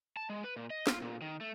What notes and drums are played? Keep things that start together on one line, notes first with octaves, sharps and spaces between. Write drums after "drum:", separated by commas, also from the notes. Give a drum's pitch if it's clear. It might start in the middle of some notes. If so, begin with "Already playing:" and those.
A5
G#3
B4
A#2
D#5
F4, drum: snare
A#2
D#3
A3